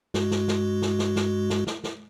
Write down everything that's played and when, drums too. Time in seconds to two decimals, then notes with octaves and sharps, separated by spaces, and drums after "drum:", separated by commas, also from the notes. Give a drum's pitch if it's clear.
0.14 G2 G#3 F#4, drum: snare
0.31 drum: snare
0.48 drum: snare
0.82 drum: snare
0.99 drum: snare
1.16 drum: snare
1.50 drum: snare
1.67 drum: snare
1.84 drum: snare